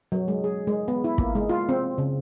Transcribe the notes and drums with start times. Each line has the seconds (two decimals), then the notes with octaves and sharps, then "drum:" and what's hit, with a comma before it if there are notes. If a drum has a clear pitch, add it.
0.12 F#3
0.28 G#3
0.44 G#4
0.67 G#3
0.88 B3
1.04 E4
1.18 A#3, drum: kick
1.35 G#3
1.50 F4
1.69 C4
1.98 C#3